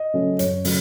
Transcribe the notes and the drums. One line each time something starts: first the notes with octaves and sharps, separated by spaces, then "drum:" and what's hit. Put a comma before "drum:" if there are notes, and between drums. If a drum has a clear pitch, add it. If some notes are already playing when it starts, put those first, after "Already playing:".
Already playing: D#5
C#3 F#3 A3 C#4
F#2 C#5, drum: hi-hat
C#3 F#3 A3, drum: open hi-hat